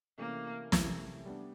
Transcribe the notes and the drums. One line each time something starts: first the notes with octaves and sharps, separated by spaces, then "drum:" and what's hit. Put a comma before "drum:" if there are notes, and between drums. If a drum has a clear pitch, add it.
C3 E3 A3 A#3 C#4
C3 E3 A3 C#4, drum: snare
G3 B3 D4